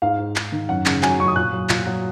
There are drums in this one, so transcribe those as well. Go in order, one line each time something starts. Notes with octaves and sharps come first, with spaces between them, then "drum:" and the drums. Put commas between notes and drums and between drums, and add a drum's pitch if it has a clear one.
G#2 F5
G#2
G#2, drum: clap
D#3
F#2 F#5
C#3, drum: clap
F#3 G#5, drum: clap
F#2 C#6
D#6
A#2 F#6
F#3
A#2, drum: clap
F#3